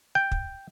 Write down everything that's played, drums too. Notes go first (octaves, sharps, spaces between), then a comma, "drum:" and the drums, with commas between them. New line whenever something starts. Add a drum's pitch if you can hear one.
G5
drum: kick